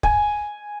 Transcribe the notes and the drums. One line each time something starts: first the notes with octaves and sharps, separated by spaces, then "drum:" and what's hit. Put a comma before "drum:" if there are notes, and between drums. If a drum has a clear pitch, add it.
G#5, drum: kick